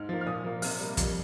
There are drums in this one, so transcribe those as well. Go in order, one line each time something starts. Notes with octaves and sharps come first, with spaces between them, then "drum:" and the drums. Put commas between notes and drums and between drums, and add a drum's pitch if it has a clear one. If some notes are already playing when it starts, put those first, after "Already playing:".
Already playing: G#2 F6
F3 A#3
F6
A#2 D#6
F3 A#3
C3 F6, drum: open hi-hat
G3 A#3
F2, drum: kick, hi-hat